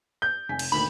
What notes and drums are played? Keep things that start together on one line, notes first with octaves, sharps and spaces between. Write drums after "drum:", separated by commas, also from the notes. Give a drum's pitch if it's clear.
G6
F1 G#5 B6
drum: cymbal
D2 A#2 D#3 B5